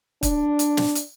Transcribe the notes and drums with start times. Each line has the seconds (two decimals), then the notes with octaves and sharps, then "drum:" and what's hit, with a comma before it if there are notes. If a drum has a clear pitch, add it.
0.23 D4, drum: kick, hi-hat
0.59 drum: hi-hat
0.77 drum: snare
0.95 drum: hi-hat